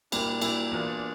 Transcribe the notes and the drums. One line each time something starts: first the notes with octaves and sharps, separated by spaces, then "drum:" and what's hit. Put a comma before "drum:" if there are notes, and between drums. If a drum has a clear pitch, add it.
A#2 G3 A#3 D4 E4, drum: cymbal
A#2 G3 A#3 E4, drum: cymbal
E2 E3 A#3 D4 F4